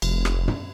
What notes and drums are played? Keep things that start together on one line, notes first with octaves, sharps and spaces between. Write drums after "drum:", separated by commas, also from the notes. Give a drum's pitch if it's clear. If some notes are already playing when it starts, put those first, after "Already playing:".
F1, drum: cymbal
drum: rim click
drum: tom